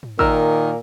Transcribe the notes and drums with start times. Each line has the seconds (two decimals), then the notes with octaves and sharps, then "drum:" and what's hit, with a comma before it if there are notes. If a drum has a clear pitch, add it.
0.03 drum: tom
0.19 A#2 D#3 A#4 E6, drum: kick